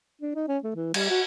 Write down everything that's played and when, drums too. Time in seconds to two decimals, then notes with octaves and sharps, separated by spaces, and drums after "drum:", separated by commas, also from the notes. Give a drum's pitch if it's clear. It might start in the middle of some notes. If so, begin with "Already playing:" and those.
0.21 D4
0.35 D#4
0.48 C#4
0.64 A3
0.76 E3
0.94 G3, drum: cymbal
1.10 F#4